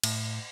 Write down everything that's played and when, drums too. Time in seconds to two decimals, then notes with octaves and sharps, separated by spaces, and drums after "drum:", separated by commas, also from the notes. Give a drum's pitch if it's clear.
0.03 A2, drum: cymbal